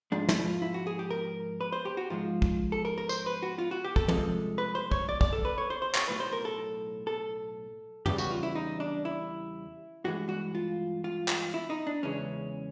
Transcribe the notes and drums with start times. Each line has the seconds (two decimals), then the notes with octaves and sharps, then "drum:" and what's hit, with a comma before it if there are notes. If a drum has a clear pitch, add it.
0.12 G#2 F3 G#3 D4
0.29 E4, drum: snare
0.45 F4
0.62 E4
0.74 F#4
0.87 G#4
0.99 G4
1.11 A#4
1.61 B4
1.72 C5
1.85 G4
1.97 F#4
2.10 G#2 F3 G#3 F4
2.42 drum: kick
2.72 A4
2.85 A#4
2.98 A#4
3.09 C5, drum: tambourine
3.26 B4
3.43 F#4
3.58 F4
3.71 F#4
3.85 G4
3.96 A4, drum: kick
4.08 C2 C3 F3 G#3 A4, drum: tom
4.58 B4
4.75 C5
4.91 C#5, drum: kick
5.09 D5
5.21 D5, drum: kick
5.33 A4
5.45 B4
5.58 C#5
5.70 C5
5.82 C5
5.95 C#5, drum: clap
6.08 B1 A2 F#3 B4
6.20 C5
6.33 A#4
6.45 A4
7.07 A4
8.06 E2 C#3 E3 G3 G4, drum: tom
8.18 F#4, drum: tambourine
8.31 F4
8.43 E4
8.55 D#4
8.80 D4
9.05 E4
10.04 G2 E3 G#3 F#4
10.29 F#4
10.55 F4
11.04 F4
11.28 drum: clap
11.54 E4
11.70 D#4
11.87 D4
12.03 E2 C#3 E3 G#3 C#4